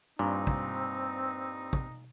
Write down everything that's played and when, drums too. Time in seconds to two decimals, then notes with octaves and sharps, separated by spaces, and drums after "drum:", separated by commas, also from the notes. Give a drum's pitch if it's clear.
0.19 G2 A#2 C4 D#4
0.47 drum: kick
1.73 drum: kick